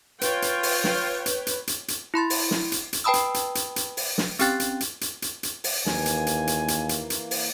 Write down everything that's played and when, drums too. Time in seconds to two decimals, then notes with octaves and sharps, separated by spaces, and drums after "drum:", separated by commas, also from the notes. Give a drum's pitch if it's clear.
0.21 F4 B4 C#5 G5, drum: hi-hat
0.42 drum: hi-hat
0.63 drum: open hi-hat
0.84 drum: snare
1.26 drum: hi-hat
1.47 drum: hi-hat
1.67 drum: hi-hat
1.88 drum: hi-hat
2.14 E4 B5 C6 A6
2.30 drum: open hi-hat
2.51 drum: snare
2.72 drum: hi-hat
2.93 drum: hi-hat
3.04 B4 G5 A5 B5 D#6 E6
3.14 drum: hi-hat
3.34 drum: hi-hat
3.55 drum: hi-hat
3.76 drum: hi-hat
3.97 drum: open hi-hat
4.18 drum: snare
4.39 C4 C#4 G4 G5 F#6 A6, drum: hi-hat
4.60 drum: hi-hat
4.80 drum: hi-hat
5.01 drum: hi-hat
5.22 drum: hi-hat
5.43 drum: hi-hat
5.64 drum: open hi-hat
5.86 D#2 E3 A#3 G#5, drum: snare
6.06 drum: hi-hat
6.27 drum: hi-hat
6.47 drum: hi-hat
6.68 drum: hi-hat
6.89 drum: hi-hat
7.10 drum: hi-hat
7.31 drum: open hi-hat